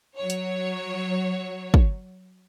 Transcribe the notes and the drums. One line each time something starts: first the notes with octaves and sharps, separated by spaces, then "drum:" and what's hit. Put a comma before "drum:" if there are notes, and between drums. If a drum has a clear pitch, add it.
F#3 C#5
drum: hi-hat
drum: kick